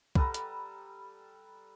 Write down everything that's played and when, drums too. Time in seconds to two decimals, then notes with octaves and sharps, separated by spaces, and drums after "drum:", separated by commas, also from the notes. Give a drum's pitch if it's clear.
0.15 G3 A4 B4 A#5, drum: kick
0.34 drum: hi-hat